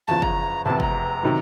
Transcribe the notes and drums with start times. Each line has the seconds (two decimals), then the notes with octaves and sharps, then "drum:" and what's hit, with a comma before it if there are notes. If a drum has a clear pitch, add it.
0.07 F#1 E2 C#3 F3 A5
0.22 A#5, drum: kick
0.65 F1 E2 C3 A5
0.80 A#5, drum: kick
1.23 C3 D#3 F#3